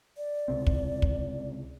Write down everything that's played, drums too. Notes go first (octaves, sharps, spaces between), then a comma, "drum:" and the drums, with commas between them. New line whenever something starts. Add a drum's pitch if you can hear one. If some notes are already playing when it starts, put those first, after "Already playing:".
D5
C#2 C3 C4
drum: kick
drum: kick